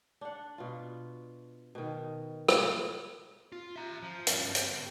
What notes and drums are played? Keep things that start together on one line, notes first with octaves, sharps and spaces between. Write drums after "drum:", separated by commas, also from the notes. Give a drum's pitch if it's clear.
D4 F#5
B2 F4
B2 D#3
F4, drum: rim click
F4
E5 A#5
F3
G2 C#4, drum: hi-hat
B3 G4, drum: hi-hat